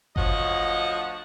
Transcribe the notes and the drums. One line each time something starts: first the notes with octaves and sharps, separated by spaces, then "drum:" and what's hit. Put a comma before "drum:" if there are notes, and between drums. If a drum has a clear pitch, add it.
D2 F3 C#5 D#5 F#5, drum: kick G1